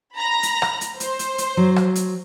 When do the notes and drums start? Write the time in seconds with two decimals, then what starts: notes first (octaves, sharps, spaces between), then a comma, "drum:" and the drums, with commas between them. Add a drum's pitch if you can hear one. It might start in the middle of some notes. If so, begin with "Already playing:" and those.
0.17 A#5 B5 A#6
0.43 drum: hi-hat
0.62 drum: rim click
0.81 drum: hi-hat
1.00 C5, drum: hi-hat
1.19 drum: hi-hat
1.38 drum: hi-hat
1.57 F#3
1.76 drum: rim click
1.95 drum: hi-hat